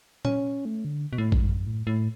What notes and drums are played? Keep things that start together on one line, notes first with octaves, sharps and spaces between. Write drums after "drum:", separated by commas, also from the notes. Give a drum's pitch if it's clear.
C#4, drum: tom A#2
A3
D3
B2
A2
G#2, drum: kick
F#2
A2
A2